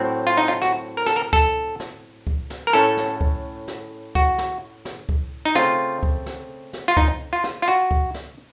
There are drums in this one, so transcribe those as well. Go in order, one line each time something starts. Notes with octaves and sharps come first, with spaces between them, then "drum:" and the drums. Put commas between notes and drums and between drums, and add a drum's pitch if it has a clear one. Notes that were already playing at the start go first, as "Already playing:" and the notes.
Already playing: A2 F#3 C4
F4
D#4
F4
F#4, drum: snare
A#4
A4, drum: snare
A#4
A4, drum: kick C#2
drum: snare
drum: kick C#2
drum: snare
A#4
A2 A3 C#4 A4
drum: snare
drum: kick C#2
drum: snare
F#4, drum: kick C#2
drum: snare
drum: snare
drum: kick C#2
D#4
C#3 A3 C4 F4, drum: snare
drum: kick C#2
drum: snare
drum: snare
F4
D#4, drum: kick C#2
F4
drum: snare
F4
F#4
drum: kick C#2
drum: snare